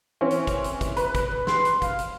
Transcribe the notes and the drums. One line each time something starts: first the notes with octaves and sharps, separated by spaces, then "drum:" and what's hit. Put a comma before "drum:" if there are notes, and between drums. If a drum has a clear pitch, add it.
E3 C4 C#4
drum: hi-hat
drum: kick, hi-hat
drum: hi-hat
drum: kick, hi-hat
B4, drum: hi-hat
drum: kick, hi-hat
drum: tom G#2
C6, drum: snare
drum: hi-hat
F5, drum: kick, hi-hat
drum: hi-hat